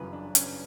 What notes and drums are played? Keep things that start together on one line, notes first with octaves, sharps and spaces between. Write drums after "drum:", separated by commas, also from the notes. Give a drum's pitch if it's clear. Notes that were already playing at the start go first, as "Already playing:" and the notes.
Already playing: G1 F#2 C#3 E3 B4
D4
C#4, drum: hi-hat